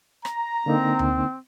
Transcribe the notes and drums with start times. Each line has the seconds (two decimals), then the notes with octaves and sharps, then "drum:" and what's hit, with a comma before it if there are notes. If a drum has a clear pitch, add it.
0.25 A#5, drum: rim click
0.66 D3 A#3 C4 D#4
0.99 drum: tom D2